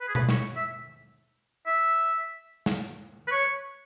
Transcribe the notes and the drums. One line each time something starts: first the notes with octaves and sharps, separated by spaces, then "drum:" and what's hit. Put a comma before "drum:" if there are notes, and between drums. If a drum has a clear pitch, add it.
B4
G#4
B4, drum: tom B2
C#5, drum: snare
E5
E5
drum: snare
B4
C#5